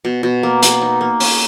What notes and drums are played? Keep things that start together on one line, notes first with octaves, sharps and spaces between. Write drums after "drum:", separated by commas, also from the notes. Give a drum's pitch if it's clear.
B2
B2
A#3
A#3, drum: hi-hat
D#4
A#3
C#4, drum: open hi-hat